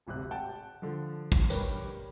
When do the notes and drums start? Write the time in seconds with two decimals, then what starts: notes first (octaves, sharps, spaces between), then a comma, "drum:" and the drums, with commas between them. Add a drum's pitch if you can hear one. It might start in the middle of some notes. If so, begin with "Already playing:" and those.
0.07 D1 G#1 C3 F#6
0.31 F#5 G5 A5
0.82 D3 F3
1.32 drum: kick
1.50 G3 G4 A#4 B4 C#5, drum: tambourine